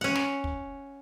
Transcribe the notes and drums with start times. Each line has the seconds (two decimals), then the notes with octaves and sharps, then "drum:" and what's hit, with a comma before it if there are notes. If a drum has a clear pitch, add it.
0.01 C#4 F#5
0.15 drum: snare
0.44 drum: kick